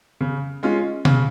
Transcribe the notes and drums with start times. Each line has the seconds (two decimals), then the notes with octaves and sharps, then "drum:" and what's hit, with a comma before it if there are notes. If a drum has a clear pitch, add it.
0.21 C#3
0.63 G#3 C#4 F4
1.05 C#3, drum: tom B2